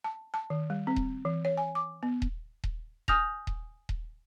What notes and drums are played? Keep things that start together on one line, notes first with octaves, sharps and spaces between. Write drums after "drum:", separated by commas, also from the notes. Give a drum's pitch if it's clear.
A5
A5
D#3
G3
C4
drum: kick D#1
E3
C#5
G#5
D6
B3
drum: kick D#1
drum: kick D#1
G#5 D#6 F6 G6 A#6 F7, drum: kick D#1
drum: kick D#1
drum: kick D#1